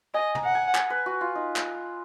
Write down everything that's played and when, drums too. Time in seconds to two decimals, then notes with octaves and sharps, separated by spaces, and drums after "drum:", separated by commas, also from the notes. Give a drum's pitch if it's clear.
0.14 D#5 G#5
0.35 A#5, drum: tom
0.45 F#5
0.55 G#5
0.75 G#5, drum: clap
0.90 B4
1.06 F#4
1.21 F4
1.35 D#4
1.56 drum: clap